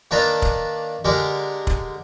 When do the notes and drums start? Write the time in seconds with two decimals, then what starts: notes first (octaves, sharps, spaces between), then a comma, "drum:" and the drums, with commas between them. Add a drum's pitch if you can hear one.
0.11 D#3 A#3 D4 B4 A5 A#5
0.42 drum: kick
1.05 D3 G#3 G4 A#4
1.67 drum: kick